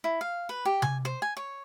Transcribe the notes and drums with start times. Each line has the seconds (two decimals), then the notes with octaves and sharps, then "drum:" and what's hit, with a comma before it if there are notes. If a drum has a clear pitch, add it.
0.04 E4
0.21 F5
0.49 B4
0.65 G4
0.82 G#5, drum: tom C3
1.05 C5
1.22 G#5
1.37 C#5